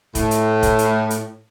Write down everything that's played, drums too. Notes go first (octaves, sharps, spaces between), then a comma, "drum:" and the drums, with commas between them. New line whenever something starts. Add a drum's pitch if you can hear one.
A2, drum: kick F1, hi-hat
drum: hi-hat
drum: kick F1, hi-hat
drum: hi-hat
drum: hi-hat